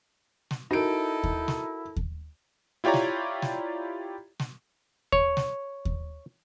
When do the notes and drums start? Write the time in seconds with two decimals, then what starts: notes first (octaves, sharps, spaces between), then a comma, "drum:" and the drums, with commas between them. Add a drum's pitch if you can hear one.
0.51 drum: snare
0.71 D#4 E4 F#4 A4 A#4 D7
1.24 drum: kick D#2
1.48 drum: snare
1.96 drum: kick D#2
2.84 E4 F4 G4 C#5 D5 A#5
2.94 drum: snare
3.42 drum: snare
4.40 drum: snare
5.12 C#5, drum: kick D#2
5.37 drum: snare
5.85 drum: kick D#2